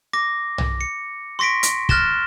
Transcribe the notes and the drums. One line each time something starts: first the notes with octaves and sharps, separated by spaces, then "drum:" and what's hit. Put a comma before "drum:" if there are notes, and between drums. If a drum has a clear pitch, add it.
D6 A#6
drum: tom B1
C#7
C6 C#6 A#6 B6 D7
drum: hi-hat
F6 F#6 A6 A#6 E7 G7, drum: kick